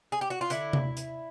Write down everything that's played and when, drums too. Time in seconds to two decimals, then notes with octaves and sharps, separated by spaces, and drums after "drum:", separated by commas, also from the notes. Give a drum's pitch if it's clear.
0.12 G#4
0.21 G4
0.30 F#4
0.41 F4
0.50 D3 E4, drum: hi-hat
0.73 drum: tom C3
0.97 drum: hi-hat